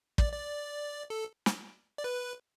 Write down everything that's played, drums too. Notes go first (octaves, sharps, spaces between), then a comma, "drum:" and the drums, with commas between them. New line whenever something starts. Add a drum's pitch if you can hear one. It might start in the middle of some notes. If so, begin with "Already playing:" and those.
D5, drum: kick
D5
A4
drum: snare
D5
B4